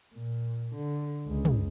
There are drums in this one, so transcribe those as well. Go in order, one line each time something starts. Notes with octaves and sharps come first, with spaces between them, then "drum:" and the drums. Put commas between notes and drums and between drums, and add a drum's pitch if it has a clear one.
A#2
D3
C#2
drum: tom